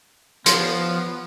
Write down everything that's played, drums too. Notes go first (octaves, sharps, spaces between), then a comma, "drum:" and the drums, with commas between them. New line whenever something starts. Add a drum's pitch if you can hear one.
F3 B3 F5 C6, drum: hi-hat